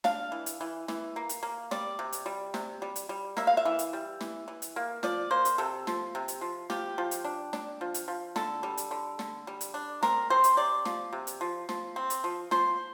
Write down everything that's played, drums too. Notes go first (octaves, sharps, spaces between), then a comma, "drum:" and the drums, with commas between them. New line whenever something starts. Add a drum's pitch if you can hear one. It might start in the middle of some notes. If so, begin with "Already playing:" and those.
D4 F5, drum: snare
E3
drum: hi-hat
E3
E3, drum: snare
A#3
drum: hi-hat
A#3
G3 D5, drum: snare
C3
drum: hi-hat
G3
C3, drum: snare
G3
drum: hi-hat
G3
A#3 E5, drum: snare
F5
E5
E3
drum: hi-hat
G3
E3, drum: snare
E3
drum: hi-hat
A#3
F3 D5, drum: snare
A#3 C5
drum: hi-hat
C3 A4
F3, drum: snare
C3
drum: hi-hat
F3
F3 G4, drum: snare
F3
drum: hi-hat
D4
D4, drum: snare
F3
drum: hi-hat
F3
D3 A4, drum: snare
G3
drum: hi-hat
D3
D3, drum: snare
G3
drum: hi-hat
D4
C4 A#4, drum: snare
C4 C5
drum: hi-hat
C3 D5
F3, drum: snare
C3
drum: hi-hat
F3
F3, drum: snare
C4
drum: hi-hat
F3
F3 C5, drum: snare